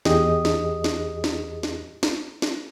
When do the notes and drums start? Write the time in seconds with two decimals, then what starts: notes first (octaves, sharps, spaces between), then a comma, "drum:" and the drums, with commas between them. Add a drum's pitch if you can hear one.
0.05 E2 G4 G#4 D#5 D#6, drum: snare
0.45 drum: snare
0.84 drum: snare
1.24 drum: snare
1.63 drum: snare
2.03 drum: snare
2.42 drum: snare